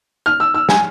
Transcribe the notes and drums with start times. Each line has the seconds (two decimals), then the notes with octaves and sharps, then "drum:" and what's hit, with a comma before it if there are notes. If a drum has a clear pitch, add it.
0.26 F6
0.40 E6
0.54 E6
0.69 G#5, drum: snare